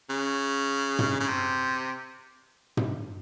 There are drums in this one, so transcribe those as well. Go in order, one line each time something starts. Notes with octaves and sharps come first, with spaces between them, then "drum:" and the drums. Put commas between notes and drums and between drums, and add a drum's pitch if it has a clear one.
C#3
drum: tom
C#3
C3
drum: tom